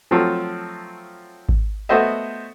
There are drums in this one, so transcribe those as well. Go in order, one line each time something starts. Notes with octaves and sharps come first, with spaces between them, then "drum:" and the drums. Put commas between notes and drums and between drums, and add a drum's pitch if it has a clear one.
F3 F#3 A3 C4 F4 A4
drum: kick G#1
A3 B3 F#4 C5 D#5 E5